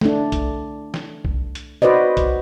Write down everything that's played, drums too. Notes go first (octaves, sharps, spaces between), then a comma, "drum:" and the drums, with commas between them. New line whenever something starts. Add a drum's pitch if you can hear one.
A3 D4, drum: snare
drum: kick B1, hi-hat
drum: snare
drum: kick B1
drum: hi-hat
F#4 B4 C5 D5 D#5
drum: kick B1, hi-hat